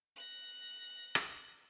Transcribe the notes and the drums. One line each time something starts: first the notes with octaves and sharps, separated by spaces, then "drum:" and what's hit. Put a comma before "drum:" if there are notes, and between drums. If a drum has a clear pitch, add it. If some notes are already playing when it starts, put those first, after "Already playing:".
F#6 A#6
drum: rim click